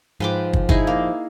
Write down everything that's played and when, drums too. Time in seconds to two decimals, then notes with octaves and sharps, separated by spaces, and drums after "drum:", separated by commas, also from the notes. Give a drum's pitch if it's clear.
0.20 G#2 F3 B4 G5 D6
0.53 drum: kick
0.69 D#4 E4 G#4, drum: kick
0.87 A#3